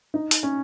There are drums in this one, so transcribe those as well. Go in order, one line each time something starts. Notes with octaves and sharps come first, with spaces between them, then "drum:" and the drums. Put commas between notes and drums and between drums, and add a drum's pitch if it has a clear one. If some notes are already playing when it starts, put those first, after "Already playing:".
D#4
drum: open hi-hat
C#4